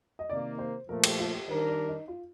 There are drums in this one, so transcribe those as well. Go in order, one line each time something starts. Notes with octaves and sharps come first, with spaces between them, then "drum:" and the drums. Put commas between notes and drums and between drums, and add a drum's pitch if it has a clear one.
D#5
C3 D#3 A#3 D5
C5
A#2 F3 A3 A#4
G4, drum: cymbal
F4
G4
D#3 G3 D4 G4 A#4 C5
D5
D#4
F4